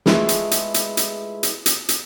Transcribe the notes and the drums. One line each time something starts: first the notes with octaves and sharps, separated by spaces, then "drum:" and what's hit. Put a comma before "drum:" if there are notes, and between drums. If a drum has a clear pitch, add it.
G#3 A3 E4 F4 G#4 B4, drum: snare
drum: hi-hat
drum: hi-hat
drum: hi-hat
drum: hi-hat
drum: hi-hat
drum: hi-hat
drum: hi-hat